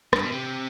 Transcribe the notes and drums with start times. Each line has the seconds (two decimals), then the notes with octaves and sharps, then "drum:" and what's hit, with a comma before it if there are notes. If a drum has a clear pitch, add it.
0.13 G2, drum: rim click
0.23 B2
0.32 C3